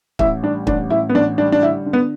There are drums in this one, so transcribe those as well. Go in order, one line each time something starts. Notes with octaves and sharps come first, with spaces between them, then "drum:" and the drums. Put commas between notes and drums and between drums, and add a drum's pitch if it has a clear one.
A1 E4, drum: kick
G3 D4
A1 D4, drum: kick
A1 E4
B3
A1 D4
G3 D4
D4
D3 E4
D3
B3